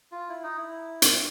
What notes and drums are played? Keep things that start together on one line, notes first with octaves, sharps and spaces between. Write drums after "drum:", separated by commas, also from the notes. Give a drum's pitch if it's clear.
F4
E4
D#4
E4
drum: hi-hat